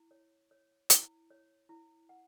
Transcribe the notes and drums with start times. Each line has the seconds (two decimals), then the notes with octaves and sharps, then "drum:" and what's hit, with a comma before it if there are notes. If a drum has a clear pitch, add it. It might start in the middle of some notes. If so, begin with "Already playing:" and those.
Already playing: E4
0.11 C#5
0.51 C#5
0.90 E4, drum: hi-hat
1.30 C#5
1.69 E4
2.09 F#5